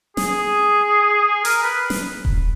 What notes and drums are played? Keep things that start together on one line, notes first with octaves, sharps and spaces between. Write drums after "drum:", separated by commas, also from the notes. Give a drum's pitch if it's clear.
G#4, drum: snare
G#4
A#4, drum: hi-hat
B4
drum: snare
drum: kick D#1